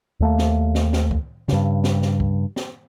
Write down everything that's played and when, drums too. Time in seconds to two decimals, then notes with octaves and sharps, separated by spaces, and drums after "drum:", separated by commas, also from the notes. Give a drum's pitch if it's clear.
0.20 D#2 A3 A#3
0.38 drum: snare
0.75 drum: snare
0.93 drum: snare
1.11 drum: kick
1.48 G2 C#3, drum: snare
1.84 drum: snare
2.02 drum: snare
2.20 drum: kick
2.56 drum: snare